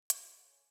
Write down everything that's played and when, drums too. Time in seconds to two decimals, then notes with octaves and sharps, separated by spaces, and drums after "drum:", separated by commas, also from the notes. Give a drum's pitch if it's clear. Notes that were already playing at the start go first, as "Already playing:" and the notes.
0.10 F#4 A5, drum: hi-hat
0.23 G#5
0.36 A4 C#5 F#5
0.48 G#5